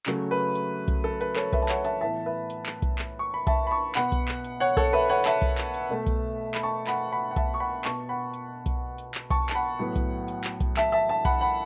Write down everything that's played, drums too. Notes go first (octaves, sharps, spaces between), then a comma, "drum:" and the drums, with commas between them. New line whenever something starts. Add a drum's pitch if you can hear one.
C#3 F#3 A3, drum: clap
B4
drum: hi-hat
drum: kick B1, hi-hat
A4
B4, drum: hi-hat
A4 C#5, drum: clap
B4 E5, drum: kick B1, hi-hat
A5
C#5 F#5, drum: clap
E5 A5, drum: hi-hat
A2 E3 B3 E5 A5
B4 E5
drum: hi-hat
drum: clap
drum: kick B1, hi-hat
drum: clap
C#6
B5
E5 A5, drum: kick B1, hi-hat
B5
A5 C#6
B2 B3 F#5 B5, drum: clap
drum: kick B1, hi-hat
drum: clap
drum: hi-hat
C#5 F#5
A4 C#5, drum: kick B1, hi-hat
B4 E5
C#5 F#5, drum: hi-hat
E5 A5, drum: clap
drum: kick B1, hi-hat
drum: clap
drum: hi-hat
B2 A3
drum: kick B1, hi-hat
B5, drum: clap
A5 C#6
F#5 B5, drum: clap
F#5 B5
F#5
E5 A5, drum: kick B1, hi-hat
C#6
F#5 B5
B2 B3 A5 C#6, drum: clap
F#5 B5
drum: hi-hat
drum: kick B1, hi-hat
drum: hi-hat
drum: clap
A5 C#6, drum: kick B1, hi-hat
A5, drum: clap
F#5 B5
A2 F#3 B3
drum: kick B1, hi-hat
drum: hi-hat
drum: clap
drum: kick B1, hi-hat
E5 A5, drum: clap
E5 A5, drum: hi-hat
E5 A5
F#5 B5, drum: kick B1, hi-hat
F#5 B5